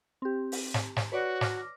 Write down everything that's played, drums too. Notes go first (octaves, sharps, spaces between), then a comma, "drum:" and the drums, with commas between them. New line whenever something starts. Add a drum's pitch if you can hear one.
C4 G4
drum: open hi-hat
drum: snare
drum: snare
F#4 B4 C#5 D5
D6 F6 A#6, drum: snare